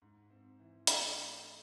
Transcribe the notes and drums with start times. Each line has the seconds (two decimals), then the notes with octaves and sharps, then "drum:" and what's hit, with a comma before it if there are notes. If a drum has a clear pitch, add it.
0.02 G#2
0.30 C4
0.59 E3
0.87 A3, drum: hi-hat